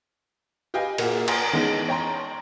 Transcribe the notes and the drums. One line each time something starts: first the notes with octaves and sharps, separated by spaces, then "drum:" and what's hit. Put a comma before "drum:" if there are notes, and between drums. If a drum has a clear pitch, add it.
G4 B4 D#5 F5 G5 G#5
A#2 A#3 F4 F#4 G#4, drum: cymbal
F#5 G#5 A#5 C6 D#6, drum: cymbal
E3 G#3 B3 C#4 D#4
C#5 G5 A#5 C6